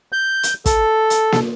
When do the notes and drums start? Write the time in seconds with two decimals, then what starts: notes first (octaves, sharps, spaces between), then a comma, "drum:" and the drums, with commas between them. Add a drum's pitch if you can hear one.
0.12 G6
0.43 drum: hi-hat
0.66 A4, drum: kick, hi-hat
1.10 drum: hi-hat
1.32 drum: snare A#3